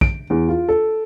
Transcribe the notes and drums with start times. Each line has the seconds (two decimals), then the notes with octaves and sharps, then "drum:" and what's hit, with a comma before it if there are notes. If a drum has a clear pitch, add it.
0.01 D7, drum: kick
0.30 E2
0.49 F4
0.69 A4